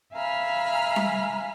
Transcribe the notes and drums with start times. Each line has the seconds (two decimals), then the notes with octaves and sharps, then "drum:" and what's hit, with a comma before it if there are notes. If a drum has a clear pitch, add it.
0.13 E5 F5 G#5 A#5 B5 F6
0.96 drum: tom G3